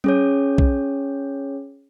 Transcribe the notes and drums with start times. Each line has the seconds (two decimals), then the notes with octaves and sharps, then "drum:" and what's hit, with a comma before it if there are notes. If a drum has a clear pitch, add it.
0.04 C#4 G#4 C#5, drum: tom F#3
0.58 drum: kick